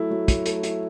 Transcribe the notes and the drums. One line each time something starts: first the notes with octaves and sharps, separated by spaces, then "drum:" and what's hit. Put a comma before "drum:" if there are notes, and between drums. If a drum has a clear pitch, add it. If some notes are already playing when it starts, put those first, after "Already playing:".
Already playing: F#3 A3 E4
F#3
F#3, drum: kick, hi-hat
A3, drum: hi-hat
E4, drum: hi-hat